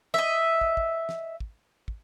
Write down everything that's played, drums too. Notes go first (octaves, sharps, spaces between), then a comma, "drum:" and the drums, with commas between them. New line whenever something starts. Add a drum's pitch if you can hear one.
D#5 E5, drum: snare
drum: kick
drum: kick
drum: snare
drum: kick
drum: kick